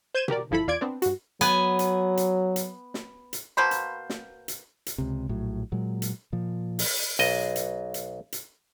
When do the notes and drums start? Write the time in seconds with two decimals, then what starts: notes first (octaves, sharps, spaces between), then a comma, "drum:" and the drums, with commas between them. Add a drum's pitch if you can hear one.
0.14 C5 G6 G#6 D#7 E7
0.28 F#4 G4 A#4 D5, drum: tom B2
0.51 G1 F3 E4 A4 B5
0.67 E2 F4 D5 G#6 D7
0.81 B3 C4 D4
1.02 G2 F#4, drum: hi-hat
1.41 F#3 B3 G#5, drum: hi-hat
1.79 drum: hi-hat
2.17 drum: hi-hat
2.56 drum: hi-hat
2.94 drum: snare
3.33 drum: hi-hat
3.57 B2 A#3 C5 B5
3.71 drum: hi-hat
4.10 drum: snare
4.48 drum: hi-hat
4.86 drum: hi-hat
4.98 C#2 C3
5.29 A#1 A2 F#3
5.72 A#2 F#3 G#3
6.02 drum: hi-hat
6.33 A#2 F3
6.79 drum: open hi-hat
7.19 B1 D#5, drum: hi-hat
7.56 drum: hi-hat
7.94 drum: hi-hat
8.32 drum: hi-hat